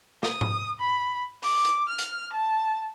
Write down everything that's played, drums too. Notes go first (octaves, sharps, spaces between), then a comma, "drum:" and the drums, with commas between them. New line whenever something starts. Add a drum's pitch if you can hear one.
D#6, drum: snare
drum: tom G#2
B5
D6, drum: open hi-hat
drum: hi-hat
F6
drum: hi-hat
A5